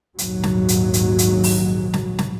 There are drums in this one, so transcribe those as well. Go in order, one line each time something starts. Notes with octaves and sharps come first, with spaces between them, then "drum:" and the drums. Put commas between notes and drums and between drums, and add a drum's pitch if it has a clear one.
A#1 D#2 G#2 F#3, drum: hi-hat
drum: snare
drum: hi-hat
drum: hi-hat
drum: hi-hat
drum: open hi-hat
drum: snare
drum: snare